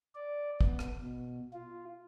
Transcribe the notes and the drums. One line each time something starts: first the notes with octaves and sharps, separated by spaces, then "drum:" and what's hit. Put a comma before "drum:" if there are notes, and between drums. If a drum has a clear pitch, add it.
D5
B3, drum: kick
drum: rim click
B2
F4